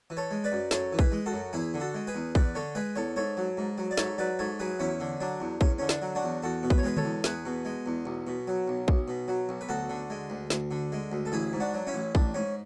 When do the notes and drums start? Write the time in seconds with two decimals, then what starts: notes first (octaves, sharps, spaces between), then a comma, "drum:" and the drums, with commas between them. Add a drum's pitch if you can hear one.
0.10 E3
0.17 A4 C#5
0.31 G#3
0.44 B4 D5
0.52 F#2
0.71 F#2 A4 C#5, drum: snare
0.93 E3
0.99 G#4 B4, drum: kick
1.12 G#3
1.26 F#4 A4
1.33 F#2
1.53 E2 E4 G#4
1.74 D3
1.80 F#4 A4
1.94 G#3
2.07 G#4 B4
2.15 E2
2.35 E2 B4 D5, drum: kick
2.55 D3 A4 C#5
2.75 G#3 G#4 B4
2.95 E2 A4 C#5
3.16 G#2 A4 C#5
3.37 F#3
3.57 G#2
3.78 F#3
3.91 D5
3.97 G#2 A4 C#5, drum: snare
4.18 F#3 B4 D5
4.39 G#2 A4 C#5
4.60 F#3 G#4 B4
4.79 E2 C#4 E4
5.00 D3
5.21 F#3 D4
5.40 E2
5.61 E2 C#4, drum: kick
5.78 D3 C#4
5.89 D4, drum: snare
6.02 F#3
6.15 D4 F#4
6.23 E2
6.43 E2 F#4 A4
6.63 B2
6.70 B4, drum: kick
6.78 C#5
6.83 G#3 G#4 B4
6.97 A4 C#5, drum: tom D3
7.04 E2
7.24 E2 G#4 B4, drum: snare
7.46 B2
7.65 G#3
7.86 E2
8.06 B1
8.27 B2
8.48 F#3
8.68 B1
8.88 B1, drum: kick
9.08 B2
9.28 F#3
9.49 B1
9.61 B4
9.69 D2 F#4 A4
9.89 D3
10.10 G#3
10.30 D2
10.50 D2, drum: snare
10.71 D3
10.92 G#3
11.12 D2
11.26 A4
11.32 A1 E4 G#4
11.53 G#2
11.60 D4 F#4
11.74 F#3
11.87 C#4 E4
11.94 A1
12.15 A1 D4, drum: kick
12.34 G#2 C#4